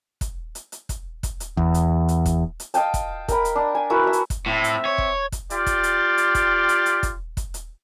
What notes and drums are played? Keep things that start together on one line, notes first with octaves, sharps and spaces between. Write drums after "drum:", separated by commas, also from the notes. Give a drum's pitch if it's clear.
drum: kick, hi-hat
drum: hi-hat
drum: hi-hat
drum: kick, hi-hat
drum: kick, hi-hat
drum: hi-hat
E2, drum: kick
drum: hi-hat
drum: hi-hat
drum: kick, hi-hat
drum: hi-hat
D#5 F5 G5 A5, drum: hi-hat
drum: kick, hi-hat
A#4 B5, drum: kick, hi-hat
drum: hi-hat
D4
G#5
E4 F#4 A#4 B4
F#4 E5
drum: hi-hat
drum: kick, hi-hat
A2 C4 E5
drum: hi-hat
C#5
drum: kick
drum: kick, hi-hat
F4 G4 D5, drum: hi-hat
drum: kick, hi-hat
drum: hi-hat
drum: hi-hat
drum: kick, hi-hat
drum: hi-hat
drum: hi-hat
drum: kick, hi-hat
drum: kick, hi-hat
drum: hi-hat